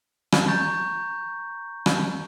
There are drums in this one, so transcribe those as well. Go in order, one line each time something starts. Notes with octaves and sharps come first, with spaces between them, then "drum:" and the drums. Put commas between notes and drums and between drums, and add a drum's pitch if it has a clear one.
drum: rim click
A#5 C#6 G6 A6
drum: rim click